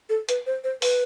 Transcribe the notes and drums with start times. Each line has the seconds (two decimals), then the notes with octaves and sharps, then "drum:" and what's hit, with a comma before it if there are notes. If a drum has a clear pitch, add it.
0.09 A4
0.29 B4, drum: hi-hat
0.46 C5
0.64 C5
0.82 B4, drum: open hi-hat